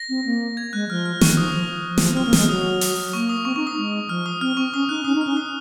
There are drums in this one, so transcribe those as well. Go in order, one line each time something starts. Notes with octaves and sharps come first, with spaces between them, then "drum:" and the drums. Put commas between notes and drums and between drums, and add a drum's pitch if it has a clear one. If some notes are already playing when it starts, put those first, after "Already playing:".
Already playing: A#6
C4
A#3
G#6
G#3 F#6
F3 F6
F6
D#3 C#6, drum: snare
F3 D#6
F3
F3
drum: snare
C4 F6
A#3
G#3 F6, drum: snare
F#3 D#6
drum: open hi-hat
A#3 C#6
D#6
C4 C#6
D#4 C#6
D#6
G#3
F3 F6
D#6
C4 F6
C4 C#6
C#4 D#6
D#4 F#6
C#4 D#6
D#4
F6
C#4
D#6